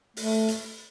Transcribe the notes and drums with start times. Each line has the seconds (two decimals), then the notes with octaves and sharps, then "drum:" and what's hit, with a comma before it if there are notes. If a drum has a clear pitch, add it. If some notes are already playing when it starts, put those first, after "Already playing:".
0.17 A3, drum: open hi-hat
0.48 drum: hi-hat